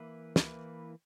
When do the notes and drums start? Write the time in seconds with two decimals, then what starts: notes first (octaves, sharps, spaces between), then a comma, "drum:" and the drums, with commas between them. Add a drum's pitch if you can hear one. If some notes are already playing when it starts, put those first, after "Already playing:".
Already playing: E3 A#3 E4 B4
0.36 E3 A#3 E4 B4, drum: snare